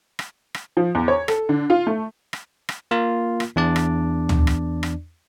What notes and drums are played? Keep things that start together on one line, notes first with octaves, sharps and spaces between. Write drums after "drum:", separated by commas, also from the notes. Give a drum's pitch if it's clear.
drum: rim click
drum: rim click
F3
E2
C#5
A4, drum: rim click
D3
F4
A3
drum: rim click
drum: rim click
A#3 F4 A#4
drum: rim click
E2 D4 D5
drum: rim click
drum: tom
drum: rim click
drum: rim click